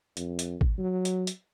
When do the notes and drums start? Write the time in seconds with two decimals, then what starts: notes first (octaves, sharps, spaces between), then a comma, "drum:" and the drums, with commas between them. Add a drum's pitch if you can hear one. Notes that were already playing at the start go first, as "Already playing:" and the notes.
0.17 F2, drum: hi-hat
0.39 drum: hi-hat
0.61 drum: kick
0.78 F#3
1.05 drum: hi-hat
1.27 drum: hi-hat